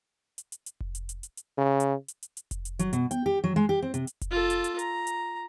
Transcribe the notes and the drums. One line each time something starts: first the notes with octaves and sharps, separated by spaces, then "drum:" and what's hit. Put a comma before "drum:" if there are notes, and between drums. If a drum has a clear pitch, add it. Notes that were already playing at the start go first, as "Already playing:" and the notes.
drum: hi-hat
drum: hi-hat
drum: hi-hat
drum: kick F1
drum: hi-hat
drum: hi-hat
drum: hi-hat
drum: hi-hat
C#3
drum: hi-hat
drum: hi-hat
drum: hi-hat
drum: hi-hat
drum: kick F1, hi-hat
drum: hi-hat
F#3, drum: hi-hat
B2, drum: hi-hat
G5, drum: hi-hat
G4
F#3
G#3
G4
C4
C3, drum: hi-hat
drum: hi-hat
drum: kick F1, hi-hat
F4 A4
drum: hi-hat
drum: hi-hat
A#5, drum: hi-hat
drum: hi-hat